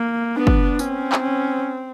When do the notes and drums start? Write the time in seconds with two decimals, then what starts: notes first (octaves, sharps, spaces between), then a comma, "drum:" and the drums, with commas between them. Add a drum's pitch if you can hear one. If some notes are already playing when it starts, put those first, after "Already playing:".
Already playing: A#3
0.37 B3 D4
0.47 drum: kick
0.79 C4 C#4, drum: tambourine
1.12 drum: clap
1.22 C#4